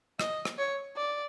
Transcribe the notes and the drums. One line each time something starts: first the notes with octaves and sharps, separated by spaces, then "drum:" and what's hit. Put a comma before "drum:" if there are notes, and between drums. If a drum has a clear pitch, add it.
D#5, drum: rim click
drum: rim click
C#5
D5